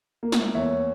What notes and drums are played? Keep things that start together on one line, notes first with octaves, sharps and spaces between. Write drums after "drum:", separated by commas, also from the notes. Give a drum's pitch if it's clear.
A#3
drum: snare
E2 C#5 E5